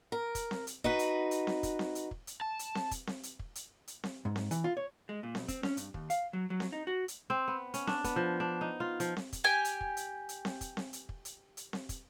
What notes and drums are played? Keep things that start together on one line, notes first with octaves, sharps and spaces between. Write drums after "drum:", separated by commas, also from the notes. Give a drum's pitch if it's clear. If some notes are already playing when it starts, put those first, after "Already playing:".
A#4
drum: kick, hi-hat
drum: snare C4
drum: hi-hat
D#4 F#4 B4, drum: kick
drum: hi-hat
drum: hi-hat
drum: snare C4
drum: kick, hi-hat
drum: snare C4
drum: hi-hat
drum: kick
drum: hi-hat
A5
drum: hi-hat
drum: snare C4
drum: kick, hi-hat
drum: snare C4
drum: hi-hat
drum: kick
drum: hi-hat
drum: hi-hat
drum: snare C4
G#2
drum: snare C4
E3, drum: hi-hat
F4
C#5
G#3
A#2
B1, drum: snare C4
C4, drum: kick, hi-hat
C#4, drum: snare C4
G2, drum: hi-hat
D#2, drum: kick
F5, drum: hi-hat
F#3
F#3
drum: snare C4
D#4
F#4
drum: hi-hat
C4
B3
C#4, drum: hi-hat
D4, drum: snare C4
B3, drum: kick, hi-hat
F3
D4
D#4
F4
F3, drum: hi-hat
drum: snare C4
drum: kick, hi-hat
G4 G5 G#5
drum: hi-hat
drum: kick
drum: hi-hat
drum: hi-hat
drum: snare C4
drum: kick, hi-hat
drum: snare C4
drum: hi-hat
drum: kick
drum: hi-hat
drum: hi-hat
drum: snare C4
drum: kick, hi-hat